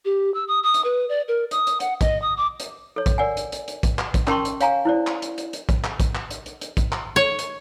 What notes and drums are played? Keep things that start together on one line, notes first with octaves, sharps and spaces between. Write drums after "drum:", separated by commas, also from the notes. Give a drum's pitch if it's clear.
G4
E6
D#6
D#6
drum: hi-hat
B4
D5
A#4
D#6, drum: hi-hat
drum: hi-hat
F#5, drum: hi-hat
D#5, drum: kick, hi-hat
D#6
D6
drum: hi-hat
A4 C#5
drum: kick, hi-hat
A#4 D5 F#5 G#5
drum: hi-hat
drum: hi-hat
drum: hi-hat
drum: kick, hi-hat
drum: clap
drum: kick, hi-hat
C#4 A#4 G5 A5 C6 C#6, drum: clap
drum: hi-hat
C#5 F5 G#5 A#5, drum: hi-hat
E4 C5 D5
drum: clap
drum: hi-hat
drum: hi-hat
drum: hi-hat
drum: kick, hi-hat
drum: clap
drum: kick, hi-hat
drum: clap
drum: hi-hat
drum: hi-hat
drum: hi-hat
drum: kick, hi-hat
drum: clap
C#5
drum: hi-hat